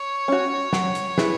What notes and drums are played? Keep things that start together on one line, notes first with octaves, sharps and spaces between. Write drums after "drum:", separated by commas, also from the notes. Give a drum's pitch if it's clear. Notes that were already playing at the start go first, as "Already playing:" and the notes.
Already playing: C#5
C#4 F#4
F#3, drum: snare
drum: hi-hat
E4 G#4 B4, drum: snare